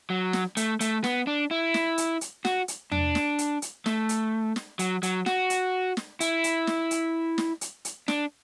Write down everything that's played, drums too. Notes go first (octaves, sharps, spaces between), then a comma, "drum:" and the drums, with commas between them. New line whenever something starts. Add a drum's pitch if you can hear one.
F#3
drum: snare
A3, drum: hi-hat
A3, drum: hi-hat
B3, drum: snare
D4
E4
drum: snare
drum: hi-hat
drum: hi-hat
F#4, drum: snare
drum: hi-hat
D4, drum: tom E2
drum: snare
drum: hi-hat
drum: hi-hat
A3, drum: snare
drum: hi-hat
drum: snare
F#3, drum: hi-hat
F#3, drum: hi-hat
F#4, drum: snare
drum: hi-hat
drum: snare
E4, drum: hi-hat
drum: hi-hat
drum: snare
drum: hi-hat
drum: snare
drum: hi-hat
drum: hi-hat
D4, drum: snare